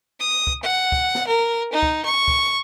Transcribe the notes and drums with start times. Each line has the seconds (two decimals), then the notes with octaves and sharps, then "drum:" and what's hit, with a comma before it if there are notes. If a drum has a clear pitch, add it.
0.20 D#6
0.47 drum: kick
0.63 F#5
0.92 drum: kick
1.15 drum: snare
1.27 A#4
1.72 D#4
1.83 drum: kick
2.05 C#6
2.28 drum: kick